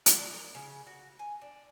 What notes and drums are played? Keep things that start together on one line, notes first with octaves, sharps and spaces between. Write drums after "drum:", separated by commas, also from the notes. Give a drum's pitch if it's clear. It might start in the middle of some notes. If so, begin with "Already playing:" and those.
F#5, drum: hi-hat
D4
A#4
C#3
F#4
G#5
D4